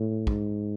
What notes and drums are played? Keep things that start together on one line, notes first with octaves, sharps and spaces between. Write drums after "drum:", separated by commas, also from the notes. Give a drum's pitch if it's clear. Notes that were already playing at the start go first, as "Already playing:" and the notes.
Already playing: A2
G#2, drum: kick